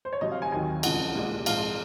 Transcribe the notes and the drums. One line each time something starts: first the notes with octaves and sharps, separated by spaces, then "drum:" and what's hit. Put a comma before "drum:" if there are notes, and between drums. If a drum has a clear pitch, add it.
C5
C#5
C2 C3 F#3 D#5
F5
G#5
D#2 D#3 F#3 G#5
C#2 C#3 F3 G#3 F#5, drum: cymbal
C2 A#2 G#3
G#2 F3 G#3 F5, drum: cymbal